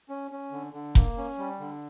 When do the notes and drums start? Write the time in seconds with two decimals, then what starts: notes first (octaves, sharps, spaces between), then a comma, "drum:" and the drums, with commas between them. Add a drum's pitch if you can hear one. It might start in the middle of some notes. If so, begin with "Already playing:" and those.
0.09 C#4
0.31 C#4
0.52 D3
0.73 D3
0.95 A#3, drum: kick F1
1.18 C#4
1.38 G3
1.60 D3